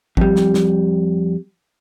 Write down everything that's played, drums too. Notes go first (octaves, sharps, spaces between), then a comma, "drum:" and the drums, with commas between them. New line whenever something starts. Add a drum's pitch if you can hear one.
F2 G3, drum: kick G#1
drum: snare
drum: snare